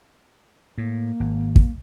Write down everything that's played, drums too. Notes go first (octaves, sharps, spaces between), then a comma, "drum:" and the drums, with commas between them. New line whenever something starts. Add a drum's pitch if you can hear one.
A2 A#3
G#1
drum: kick